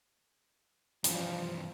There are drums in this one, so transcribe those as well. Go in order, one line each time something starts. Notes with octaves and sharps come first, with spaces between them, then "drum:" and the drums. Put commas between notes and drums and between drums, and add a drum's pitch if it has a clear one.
G2 E3 F3, drum: hi-hat